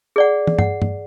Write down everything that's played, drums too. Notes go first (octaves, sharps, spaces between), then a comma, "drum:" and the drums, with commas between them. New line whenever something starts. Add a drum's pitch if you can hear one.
G#4 D5 F#5
drum: tom
F#5, drum: tom G2
drum: tom G2